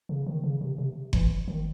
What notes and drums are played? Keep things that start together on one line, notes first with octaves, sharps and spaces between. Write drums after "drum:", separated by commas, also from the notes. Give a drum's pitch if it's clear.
C#3
D#3
C#3
C3
C3
E3, drum: kick F#1
D#3